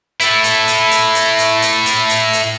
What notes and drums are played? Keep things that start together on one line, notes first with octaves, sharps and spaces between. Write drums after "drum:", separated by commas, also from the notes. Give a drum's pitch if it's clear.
E4 A4, drum: hi-hat
drum: hi-hat
drum: hi-hat
drum: hi-hat
drum: hi-hat
drum: hi-hat
drum: hi-hat
drum: hi-hat
drum: hi-hat
drum: hi-hat